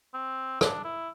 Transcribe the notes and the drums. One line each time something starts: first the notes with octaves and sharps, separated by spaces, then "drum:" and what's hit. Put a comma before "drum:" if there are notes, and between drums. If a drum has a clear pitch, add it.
C4
D4, drum: rim click
E4